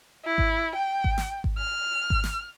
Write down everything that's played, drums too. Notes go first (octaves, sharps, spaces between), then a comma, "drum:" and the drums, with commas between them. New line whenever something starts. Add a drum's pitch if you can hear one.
E4
drum: kick G#1
G5
drum: kick G#1
drum: snare
drum: kick G#1
F6
drum: kick G#1
drum: snare